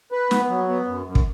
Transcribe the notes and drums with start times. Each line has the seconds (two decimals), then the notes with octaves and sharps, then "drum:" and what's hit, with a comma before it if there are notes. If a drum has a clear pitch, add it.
0.12 B4
0.31 B3, drum: snare
0.49 F#3
0.68 B3
0.87 F#2
1.06 F#2
1.15 drum: kick